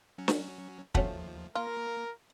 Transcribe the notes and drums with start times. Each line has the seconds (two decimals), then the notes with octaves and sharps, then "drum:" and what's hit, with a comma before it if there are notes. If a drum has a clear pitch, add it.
0.18 F#3 C#4
0.28 drum: snare
0.95 D#2 F3 A3 C#4 F#4, drum: kick
1.55 A#3 F4 A#4 A#6